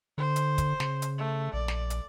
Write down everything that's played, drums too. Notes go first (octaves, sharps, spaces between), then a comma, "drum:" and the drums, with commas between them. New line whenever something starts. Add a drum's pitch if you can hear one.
D3 C5
drum: hi-hat
drum: kick, hi-hat
C#3, drum: snare
drum: hi-hat
A3
A#1 D5
drum: snare
drum: hi-hat